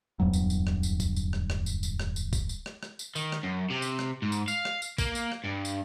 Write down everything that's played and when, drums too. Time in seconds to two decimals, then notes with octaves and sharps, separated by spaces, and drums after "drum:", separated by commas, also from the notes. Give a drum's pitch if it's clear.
0.20 D1 E2 G2 F#3
0.33 drum: tambourine
0.50 drum: tambourine
0.67 drum: rim click
0.83 drum: tambourine
1.00 drum: kick, tambourine
1.16 drum: tambourine
1.33 drum: rim click
1.50 drum: rim click
1.66 drum: tambourine
1.83 drum: tambourine
2.00 drum: rim click
2.16 drum: tambourine
2.33 drum: kick, tambourine
2.49 drum: tambourine
2.66 drum: rim click
2.83 drum: rim click
2.99 drum: tambourine
3.16 D#3, drum: tambourine
3.32 drum: rim click
3.44 F#2
3.70 C3
3.82 drum: tambourine
3.99 drum: rim click
4.22 G#2
4.32 drum: tambourine
4.48 F5, drum: tambourine
4.65 drum: rim click
4.82 drum: tambourine
4.98 A#3, drum: kick, tambourine
5.15 drum: tambourine
5.32 drum: rim click
5.44 G2
5.65 drum: tambourine